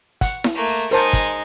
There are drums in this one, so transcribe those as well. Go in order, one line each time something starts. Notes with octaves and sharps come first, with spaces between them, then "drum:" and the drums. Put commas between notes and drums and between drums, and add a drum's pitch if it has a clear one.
F#5, drum: kick, hi-hat
drum: snare E4
A3 A#3
drum: open hi-hat
G#3 D#4 A#4 C5 A5, drum: hi-hat
drum: kick, hi-hat